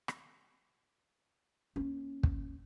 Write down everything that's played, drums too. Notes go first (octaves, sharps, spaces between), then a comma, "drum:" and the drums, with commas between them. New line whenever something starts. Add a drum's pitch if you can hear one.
drum: rim click
A#3 C#4
drum: kick